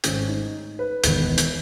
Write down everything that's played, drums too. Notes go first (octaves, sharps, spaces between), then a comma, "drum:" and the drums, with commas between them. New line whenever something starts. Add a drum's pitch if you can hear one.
G#1 G#2 D#3 A3 C#4, drum: hi-hat
D#4
B4
E1 E2 D#3, drum: hi-hat
drum: hi-hat